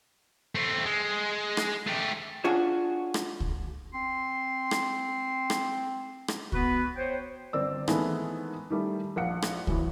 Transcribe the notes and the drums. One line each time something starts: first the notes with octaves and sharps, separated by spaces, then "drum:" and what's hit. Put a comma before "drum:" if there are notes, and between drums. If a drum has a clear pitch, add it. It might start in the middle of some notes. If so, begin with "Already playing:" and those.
A3 C4
G#3
drum: rim click
A3 G4
D4 F4 F#4 G#4 C#5
drum: rim click
drum: kick C#2
C4 C6
drum: rim click
drum: rim click
drum: rim click
B3 F#4 B4, drum: kick C#2
C5 C#5 G5
G1 C4 D5 E6
D#3 E3 G#3 A3 B3 D#4, drum: rim click
D#3 G3 A3
A#1 F5 F#5 C#7
drum: rim click
E2 A2 E3 F#3, drum: kick C#2